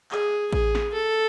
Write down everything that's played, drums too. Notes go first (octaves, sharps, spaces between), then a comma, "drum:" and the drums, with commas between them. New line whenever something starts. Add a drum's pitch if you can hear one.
G#4, drum: clap
G#4, drum: kick A1
drum: snare
A4